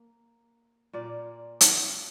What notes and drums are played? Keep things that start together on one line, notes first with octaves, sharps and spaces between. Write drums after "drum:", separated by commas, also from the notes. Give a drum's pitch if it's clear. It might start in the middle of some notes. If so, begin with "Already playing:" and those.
Already playing: A#3
A#2 A#3 D5
drum: hi-hat
F5